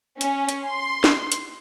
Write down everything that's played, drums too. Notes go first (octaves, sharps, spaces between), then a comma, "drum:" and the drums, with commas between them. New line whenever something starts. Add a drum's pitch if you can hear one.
C#4, drum: hi-hat
drum: hi-hat
C6
drum: snare
drum: hi-hat